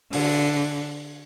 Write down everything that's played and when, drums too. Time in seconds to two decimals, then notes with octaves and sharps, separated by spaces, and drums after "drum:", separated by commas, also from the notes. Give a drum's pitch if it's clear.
0.13 D3, drum: open hi-hat